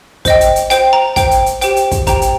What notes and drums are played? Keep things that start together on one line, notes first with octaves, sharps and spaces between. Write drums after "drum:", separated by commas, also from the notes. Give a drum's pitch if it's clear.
C5 D#5 G5, drum: kick, hi-hat
drum: hi-hat
drum: hi-hat
C5 G5, drum: hi-hat
A#5
C5 G5, drum: kick, hi-hat
drum: hi-hat
drum: hi-hat
G4 C5 G5, drum: hi-hat
drum: hi-hat
drum: kick, hi-hat
G4 C5 G5 A#5, drum: kick, hi-hat
drum: hi-hat